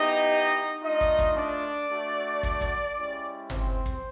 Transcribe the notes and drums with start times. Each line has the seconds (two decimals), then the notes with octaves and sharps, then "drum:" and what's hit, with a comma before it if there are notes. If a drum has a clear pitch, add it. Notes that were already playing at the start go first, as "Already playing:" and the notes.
Already playing: B3 D#4 E4 G4 D#5
0.83 A3 D4 D#4 F4 D#5
1.01 drum: kick
1.19 drum: kick
1.37 D4 D5
1.90 A3 D4 F#4
2.43 drum: kick
2.61 drum: kick
2.96 G#3 C#4 E4 G4
3.50 C4 C5, drum: tom G1
3.86 drum: kick